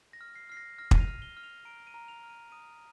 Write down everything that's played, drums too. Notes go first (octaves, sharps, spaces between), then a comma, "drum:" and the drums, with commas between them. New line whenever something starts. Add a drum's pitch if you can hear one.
A#6
F6
C7
F6 C7
A#6
F6 A#6
D#7, drum: kick
F7
F6
G7
F6
F7
A#5 D7
D#7
A#5
F7
F6
D#7
D#6 D#7